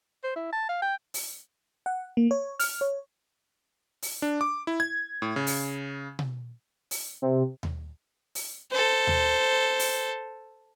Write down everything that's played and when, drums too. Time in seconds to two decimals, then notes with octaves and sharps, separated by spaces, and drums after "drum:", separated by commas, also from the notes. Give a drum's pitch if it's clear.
0.24 C5
0.36 E4
0.52 A5
0.69 F5
0.82 G5
1.14 drum: open hi-hat
1.86 F#5
2.17 A#3
2.31 C#5
2.59 F6, drum: open hi-hat
2.81 C#5
4.02 drum: open hi-hat
4.22 D4
4.41 D6
4.67 E4
4.80 G#6
5.22 A2
5.36 C#3
5.47 drum: open hi-hat
6.19 drum: tom B2
6.91 drum: open hi-hat
7.22 C3
7.63 drum: tom D#2
8.35 drum: open hi-hat
8.71 A4 C5
9.07 drum: tom D#2
9.79 drum: open hi-hat